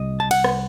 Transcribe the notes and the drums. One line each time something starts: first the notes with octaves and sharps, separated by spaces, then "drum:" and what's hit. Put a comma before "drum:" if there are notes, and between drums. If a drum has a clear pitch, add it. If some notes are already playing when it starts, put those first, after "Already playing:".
Already playing: C2 C3 D#5
A5
F#5, drum: cymbal
drum: rim click